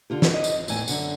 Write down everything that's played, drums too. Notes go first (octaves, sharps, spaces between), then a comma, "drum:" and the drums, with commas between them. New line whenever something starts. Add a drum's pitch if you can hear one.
D3 F4 G4
drum: snare
D#5
drum: tambourine
E2 A2 G#5, drum: tambourine
F#2 D3 F#5, drum: tambourine